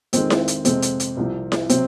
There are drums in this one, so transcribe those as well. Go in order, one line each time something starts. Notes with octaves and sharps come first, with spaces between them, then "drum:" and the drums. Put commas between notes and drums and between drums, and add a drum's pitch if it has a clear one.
F2 D#3 G#3 C4, drum: hi-hat
drum: snare E4
drum: hi-hat
F2 C3 F3 G#3 C4, drum: hi-hat
drum: hi-hat
drum: hi-hat
C2 C3 F3
drum: snare E4
C3 F#3 C4, drum: hi-hat